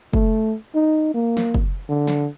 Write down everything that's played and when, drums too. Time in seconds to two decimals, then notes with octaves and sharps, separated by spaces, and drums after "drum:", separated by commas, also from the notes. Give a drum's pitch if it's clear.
0.13 A3, drum: kick
0.75 D#4
1.14 A#3
1.37 drum: snare
1.54 drum: kick
1.89 D3
2.07 drum: snare